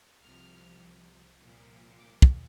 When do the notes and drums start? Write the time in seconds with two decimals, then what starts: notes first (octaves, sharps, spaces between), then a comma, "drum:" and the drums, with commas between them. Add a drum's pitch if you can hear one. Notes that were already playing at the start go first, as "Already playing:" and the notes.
0.22 C2 C3 F3 F6
1.40 C2 A#2 F3
1.98 D6
2.22 drum: kick